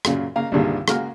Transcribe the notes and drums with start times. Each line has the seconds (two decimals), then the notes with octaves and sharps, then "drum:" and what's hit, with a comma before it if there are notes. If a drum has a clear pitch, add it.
0.05 F#2 A#2 C#3, drum: rim click
0.36 C#3 A#3 F5 A#5
0.52 C2 G2 A#2 D3 D#3 G#3
0.88 C#3 G#3 A#3 F#4 F6, drum: rim click